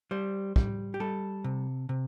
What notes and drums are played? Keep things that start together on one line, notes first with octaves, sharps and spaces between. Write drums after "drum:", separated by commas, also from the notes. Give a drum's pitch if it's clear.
G3 C5
G3, drum: kick
G4
G3 A4
C3
C3